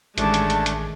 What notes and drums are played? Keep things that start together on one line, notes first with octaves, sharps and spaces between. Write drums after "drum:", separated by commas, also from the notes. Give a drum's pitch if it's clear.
A1 D#3 G#3 A3 C#4 D4 A5 D6, drum: hi-hat
drum: hi-hat
drum: hi-hat
drum: hi-hat